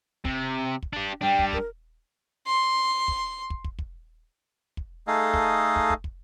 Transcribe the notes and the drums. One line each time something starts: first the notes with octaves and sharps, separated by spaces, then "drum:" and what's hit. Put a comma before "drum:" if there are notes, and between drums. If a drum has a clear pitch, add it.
C3, drum: kick
drum: kick
D4 G4
G3 D4 G5
drum: kick
A#4, drum: kick
C6
drum: kick
drum: kick
drum: kick
drum: kick
drum: kick
A3 D#4 G#4 A4 D#5 F5
drum: kick
drum: kick
drum: kick
drum: kick